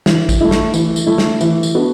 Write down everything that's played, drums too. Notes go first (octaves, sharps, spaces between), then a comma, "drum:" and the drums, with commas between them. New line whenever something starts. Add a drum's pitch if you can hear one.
E3, drum: snare
drum: kick, tambourine
A3 E4
drum: snare
E3, drum: tambourine
drum: tambourine
A3 E4
drum: snare
E3, drum: tambourine
drum: tambourine
B3 D4 F#4